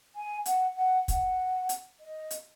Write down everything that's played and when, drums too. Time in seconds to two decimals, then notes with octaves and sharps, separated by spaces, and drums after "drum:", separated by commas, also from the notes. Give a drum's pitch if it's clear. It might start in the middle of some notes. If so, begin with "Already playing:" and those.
0.16 G#5
0.46 F#5, drum: hi-hat
0.77 F#5
1.08 F#5, drum: kick, hi-hat
1.69 drum: hi-hat
2.00 D#5
2.31 drum: hi-hat